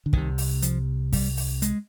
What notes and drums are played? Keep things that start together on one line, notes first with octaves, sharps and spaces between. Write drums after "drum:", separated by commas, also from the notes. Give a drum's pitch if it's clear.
D3
C2 C3 D#3, drum: kick
drum: open hi-hat
F3, drum: hi-hat
G3, drum: kick, open hi-hat
drum: open hi-hat
G#3, drum: hi-hat